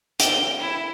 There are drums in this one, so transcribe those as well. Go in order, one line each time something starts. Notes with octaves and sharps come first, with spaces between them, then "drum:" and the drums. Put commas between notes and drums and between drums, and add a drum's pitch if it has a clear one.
G5, drum: hi-hat
E4